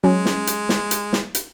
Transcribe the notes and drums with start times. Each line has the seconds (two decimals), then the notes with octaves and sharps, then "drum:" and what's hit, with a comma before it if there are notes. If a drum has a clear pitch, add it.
0.04 F#3 G#3 C#4
0.25 drum: snare
0.47 drum: hi-hat
0.69 drum: snare
0.91 drum: hi-hat
1.13 drum: snare
1.35 drum: hi-hat